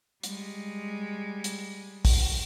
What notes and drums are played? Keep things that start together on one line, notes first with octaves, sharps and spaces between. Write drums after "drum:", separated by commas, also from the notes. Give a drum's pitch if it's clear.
G3 G#3, drum: hi-hat
drum: hi-hat
drum: kick, open hi-hat